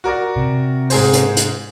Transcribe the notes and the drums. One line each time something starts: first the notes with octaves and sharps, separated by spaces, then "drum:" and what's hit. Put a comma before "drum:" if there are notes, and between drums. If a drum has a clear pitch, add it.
F#4 A#4 D5
C3
G#2 G#4 C5, drum: open hi-hat
drum: hi-hat
drum: hi-hat